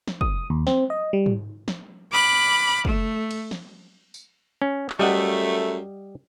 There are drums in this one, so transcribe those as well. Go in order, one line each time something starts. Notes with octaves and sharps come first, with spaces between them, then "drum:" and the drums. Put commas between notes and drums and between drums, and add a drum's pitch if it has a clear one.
drum: snare
D#6, drum: kick
D#2
C4, drum: snare
D#5
G3
drum: tom G#2
drum: snare
B5 D6 F6 F#6
A3, drum: kick
drum: cymbal
drum: snare
drum: tambourine
C#4
drum: clap
F#2 G3 A3 D#5 F#5